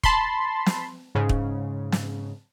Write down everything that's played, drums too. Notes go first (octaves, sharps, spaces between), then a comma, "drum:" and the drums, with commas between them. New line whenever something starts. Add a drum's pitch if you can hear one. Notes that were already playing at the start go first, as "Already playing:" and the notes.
A5 B5 C6, drum: kick
drum: snare
G#2 C#3
drum: kick
drum: snare